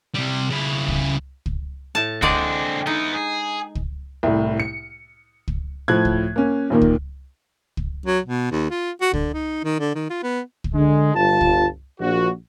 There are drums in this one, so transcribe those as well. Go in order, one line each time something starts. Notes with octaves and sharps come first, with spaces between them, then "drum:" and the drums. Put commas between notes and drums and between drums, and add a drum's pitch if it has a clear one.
C3 G3
C#3 E4
drum: kick
drum: kick
A2 A5
D3 G#3 C4 D4 D5, drum: kick
B3 D#4 E4
G#4
drum: kick
C2 A2
C#7
drum: kick
A2 F3 F#6 G#6
drum: kick
A#3 C#4
B1 A#2 D#3 A#3
drum: kick
drum: kick
F#3
B2
D#2
F4
F#4
D3, drum: kick
D#4
D#3
D3
D#3
F4
B3
drum: kick
D3 G#3
G1 F4 A5
drum: kick
A#1 F#4